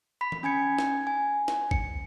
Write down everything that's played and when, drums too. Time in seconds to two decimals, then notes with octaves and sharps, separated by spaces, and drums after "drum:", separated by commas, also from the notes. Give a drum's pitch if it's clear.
0.21 B5 B6
0.32 drum: tom E3
0.43 C#4 G#5 G#6 C#7
0.79 drum: snare
1.07 G#5
1.48 drum: snare
1.71 C#7, drum: kick G#1